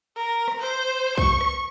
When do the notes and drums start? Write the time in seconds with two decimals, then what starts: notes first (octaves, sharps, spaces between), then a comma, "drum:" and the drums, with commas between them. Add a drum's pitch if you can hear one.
0.17 A#4
0.48 drum: rim click
0.60 C5
1.18 C#6, drum: kick B1
1.41 drum: rim click